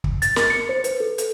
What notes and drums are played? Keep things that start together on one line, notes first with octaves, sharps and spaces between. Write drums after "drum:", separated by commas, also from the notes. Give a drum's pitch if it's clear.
drum: kick
A6, drum: hi-hat
A#4, drum: snare
C#7
C5
B4, drum: hi-hat
A4
drum: hi-hat